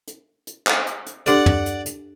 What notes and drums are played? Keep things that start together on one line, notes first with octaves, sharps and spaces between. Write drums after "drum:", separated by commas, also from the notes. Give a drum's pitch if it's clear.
drum: hi-hat
drum: hi-hat
drum: clap
drum: hi-hat
drum: hi-hat
D4 G4 A4 D5 F#5, drum: hi-hat
drum: tom
drum: hi-hat
drum: hi-hat